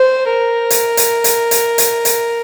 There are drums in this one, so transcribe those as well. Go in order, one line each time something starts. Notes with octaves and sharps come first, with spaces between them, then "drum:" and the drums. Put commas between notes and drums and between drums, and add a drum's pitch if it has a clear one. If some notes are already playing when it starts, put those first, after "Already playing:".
Already playing: C5
A#4
drum: hi-hat
drum: hi-hat
drum: hi-hat
drum: hi-hat
drum: hi-hat
drum: hi-hat